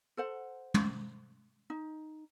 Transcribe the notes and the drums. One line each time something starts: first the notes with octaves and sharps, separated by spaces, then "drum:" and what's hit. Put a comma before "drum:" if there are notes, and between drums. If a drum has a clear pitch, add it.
A4 C5 F#5
drum: tom
D#4